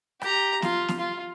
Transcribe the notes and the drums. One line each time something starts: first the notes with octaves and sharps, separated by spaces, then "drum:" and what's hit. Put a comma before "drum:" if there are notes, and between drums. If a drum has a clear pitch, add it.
G4 A#5, drum: rim click
F4, drum: snare
drum: snare
F4